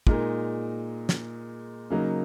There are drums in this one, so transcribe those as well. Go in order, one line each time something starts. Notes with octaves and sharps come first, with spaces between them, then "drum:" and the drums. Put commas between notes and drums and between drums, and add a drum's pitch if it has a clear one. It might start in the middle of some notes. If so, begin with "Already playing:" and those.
A#2 G#3 D#4 A#4, drum: kick
drum: snare
C#3 F#3 A#3 D#4